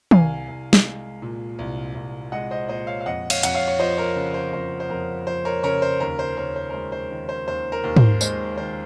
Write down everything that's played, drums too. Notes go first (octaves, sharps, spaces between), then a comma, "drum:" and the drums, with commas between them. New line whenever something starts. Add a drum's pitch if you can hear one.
C2 F5 G#5, drum: tom
C2
drum: snare
G#3
A#2
C2
C2
G#3 D#5 F#5
C5 D#5
A#2 C5 D#5
C#5 F5
F5
F2 D#5 F#5
C#5 F5, drum: cymbal
F2 F#5, drum: hi-hat
C#5 F5
C#5
F3 C5 D#5
A#4 C#5
C#3
C5
F2 C5
C5
F2 A#4
F3 C5
A#4 C#5
C#3 A#4 C#5
C5
D#2 A#4
C5
D#2 A#4 C#5
C5
A#4
G#3 C5
C5
D#3
C5
D#2 C5
A#4
D#2
C5, drum: tom
G#3 C5, drum: tambourine
D#3 C5